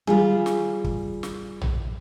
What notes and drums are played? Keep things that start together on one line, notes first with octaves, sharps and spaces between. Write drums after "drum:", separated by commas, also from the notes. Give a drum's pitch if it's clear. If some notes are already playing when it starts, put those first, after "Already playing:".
G3 F4 G#4, drum: tom D#3
drum: snare
drum: kick
drum: snare
drum: tom A#1